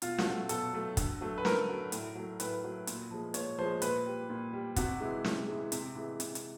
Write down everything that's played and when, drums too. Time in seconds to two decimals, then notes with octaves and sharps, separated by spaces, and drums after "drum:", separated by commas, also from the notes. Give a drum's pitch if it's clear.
0.02 B2 F4, drum: hi-hat
0.18 F#4, drum: snare
0.26 F#3 A3
0.49 B2 A4, drum: hi-hat
0.73 F#3 A3
0.97 D3, drum: kick, hi-hat
1.21 F#3 A3
1.38 B4
1.45 D3 A#4, drum: snare
1.69 F#3 A3
1.92 A2, drum: hi-hat
2.15 F#3 A3
2.40 A2 B4, drum: hi-hat
2.64 F#3 A3
2.87 A#2, drum: hi-hat
3.11 F3 G#3
3.34 A#2 C#5, drum: hi-hat
3.58 F3 G#3 C5
3.82 A#2 B4, drum: hi-hat
4.06 G3
4.30 A#2
4.53 G3
4.76 C3 F#4, drum: kick, hi-hat
5.01 E3 G#3
5.24 C3, drum: snare
5.48 E3 G#3
5.72 C3, drum: hi-hat
5.95 E3 G#3
6.20 C3, drum: hi-hat
6.35 drum: hi-hat